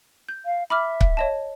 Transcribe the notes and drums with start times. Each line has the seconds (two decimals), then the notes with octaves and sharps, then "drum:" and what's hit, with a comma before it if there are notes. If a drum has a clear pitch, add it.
0.29 G6
0.46 F5
0.70 E5 B5 D6 F6
1.01 drum: kick C#1
1.17 C#5 D#5 A5